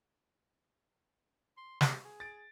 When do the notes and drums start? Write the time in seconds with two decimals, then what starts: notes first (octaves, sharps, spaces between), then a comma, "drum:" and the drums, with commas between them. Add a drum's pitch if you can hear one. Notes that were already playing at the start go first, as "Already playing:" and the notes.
1.57 C6
1.81 G4, drum: snare
2.05 G#4
2.20 A6 D7